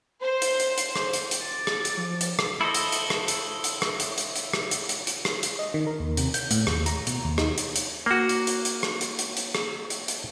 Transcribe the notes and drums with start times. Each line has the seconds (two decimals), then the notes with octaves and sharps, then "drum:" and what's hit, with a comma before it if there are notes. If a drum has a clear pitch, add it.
0.22 C5
0.42 drum: hi-hat
0.60 drum: hi-hat
0.78 drum: hi-hat
0.96 drum: rim click
1.13 drum: hi-hat
1.31 drum: hi-hat
1.42 D6 A6
1.67 drum: rim click
1.85 drum: hi-hat
1.97 F3
2.21 drum: hi-hat
2.39 drum: rim click
2.61 E4 A4 C5 D#5
2.75 drum: hi-hat
2.92 drum: hi-hat
3.10 drum: rim click
3.28 drum: hi-hat
3.64 drum: hi-hat
3.82 drum: rim click
4.00 drum: hi-hat
4.18 drum: hi-hat
4.36 drum: hi-hat
4.53 drum: rim click
4.71 drum: hi-hat
4.89 drum: hi-hat
5.07 drum: hi-hat
5.25 drum: rim click
5.43 drum: hi-hat
5.59 D#5
5.74 D#3
5.87 A#4
6.00 D#2
6.17 C3, drum: hi-hat
6.34 G6, drum: hi-hat
6.51 A2, drum: hi-hat
6.67 D#2, drum: rim click
6.86 A#5, drum: hi-hat
7.07 B2, drum: hi-hat
7.25 D#2
7.38 D#4, drum: rim click
7.58 drum: hi-hat
7.76 drum: hi-hat
8.06 A#3 F#4
8.29 drum: hi-hat
8.47 drum: hi-hat
8.65 drum: hi-hat
8.83 drum: rim click
9.01 drum: hi-hat
9.19 drum: hi-hat
9.37 drum: hi-hat
9.55 drum: rim click
9.90 drum: hi-hat
10.08 drum: hi-hat